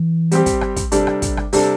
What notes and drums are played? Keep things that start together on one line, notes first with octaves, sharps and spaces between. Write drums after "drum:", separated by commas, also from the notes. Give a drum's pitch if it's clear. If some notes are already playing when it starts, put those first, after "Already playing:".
Already playing: E3
G3 C4 G4, drum: hi-hat
drum: kick, hi-hat
drum: rim click
drum: kick, hi-hat
C3 G3 D4 A4, drum: hi-hat
drum: rim click
drum: kick, hi-hat
drum: rim click
C3 G3 D4 A4, drum: open hi-hat